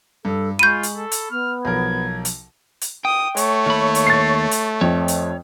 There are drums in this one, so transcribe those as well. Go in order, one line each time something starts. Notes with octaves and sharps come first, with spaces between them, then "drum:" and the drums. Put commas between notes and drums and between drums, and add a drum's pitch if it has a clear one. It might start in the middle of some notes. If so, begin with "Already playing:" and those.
G2 A4
G#3 F4 B5 C#6 G6 D#7
drum: hi-hat
A4
drum: hi-hat
B3 F6
B1 F3 A#4 G#6
drum: hi-hat
drum: hi-hat
G5 D#6
A3 C#5, drum: hi-hat
D#2 B5
drum: hi-hat
A6 C7
drum: hi-hat
F2 C#5
drum: hi-hat